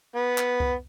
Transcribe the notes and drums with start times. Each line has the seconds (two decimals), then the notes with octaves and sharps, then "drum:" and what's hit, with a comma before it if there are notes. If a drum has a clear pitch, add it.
0.16 B3
0.38 drum: clap
0.60 drum: kick C2